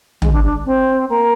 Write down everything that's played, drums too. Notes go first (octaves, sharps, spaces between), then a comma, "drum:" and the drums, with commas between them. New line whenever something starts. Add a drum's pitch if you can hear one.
G#3, drum: tom
D4
D4
C4
A#3